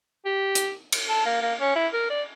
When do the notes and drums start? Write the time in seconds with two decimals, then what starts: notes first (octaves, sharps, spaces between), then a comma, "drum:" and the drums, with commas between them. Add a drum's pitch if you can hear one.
0.25 G4
0.55 drum: hi-hat
0.92 drum: cymbal
1.09 A4
1.26 A#3
1.42 A#3
1.60 C#4
1.76 E4
1.93 A#4
2.10 D5